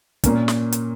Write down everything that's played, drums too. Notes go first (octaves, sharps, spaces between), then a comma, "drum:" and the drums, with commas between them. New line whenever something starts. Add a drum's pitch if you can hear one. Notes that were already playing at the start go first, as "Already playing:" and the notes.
A#2 A#3 C#4, drum: kick, hi-hat
drum: snare
drum: hi-hat